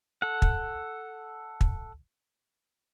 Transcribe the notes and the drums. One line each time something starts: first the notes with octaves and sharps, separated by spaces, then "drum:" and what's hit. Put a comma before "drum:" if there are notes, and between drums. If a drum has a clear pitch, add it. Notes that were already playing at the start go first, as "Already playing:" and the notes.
A4 F#5
drum: kick
drum: kick